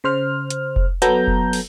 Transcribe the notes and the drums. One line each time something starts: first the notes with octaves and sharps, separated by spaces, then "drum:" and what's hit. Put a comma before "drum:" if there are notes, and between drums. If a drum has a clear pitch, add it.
C#3 C5 F6
drum: hi-hat
drum: kick F1
F#3 B3 A4 A#5 G6, drum: hi-hat
drum: kick F1
drum: open hi-hat